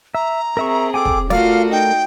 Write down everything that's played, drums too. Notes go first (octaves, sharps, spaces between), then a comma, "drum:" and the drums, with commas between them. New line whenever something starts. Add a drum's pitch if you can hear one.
E5 A#5
C4 G#4 A#4 E5 C#6
A4 G5 G#5 D6
drum: kick
A3 F4 F#4 A#4 D5 F5, drum: snare
D#4 G5